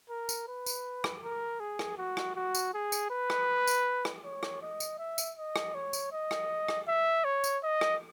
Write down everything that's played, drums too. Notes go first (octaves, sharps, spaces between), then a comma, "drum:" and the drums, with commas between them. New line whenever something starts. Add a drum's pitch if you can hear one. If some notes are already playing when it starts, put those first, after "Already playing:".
A#4
drum: tambourine
B4
drum: tambourine
drum: rim click
A#4
G#4
drum: rim click
F#4
drum: rim click
F#4
drum: tambourine
G#4
drum: tambourine
B4
drum: rim click
drum: tambourine
drum: rim click
C#5
drum: rim click
D#5
drum: tambourine
E5
drum: tambourine
D#5
drum: rim click
C#5
drum: tambourine
D#5
drum: rim click
drum: rim click
E5
C#5
drum: tambourine
D#5
drum: rim click